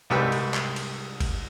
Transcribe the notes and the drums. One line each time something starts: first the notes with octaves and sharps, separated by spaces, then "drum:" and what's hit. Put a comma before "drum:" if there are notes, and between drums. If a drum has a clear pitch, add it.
C2 G#2 G3 B4 G5 E6
drum: cymbal
drum: clap
drum: cymbal
drum: kick G1, cymbal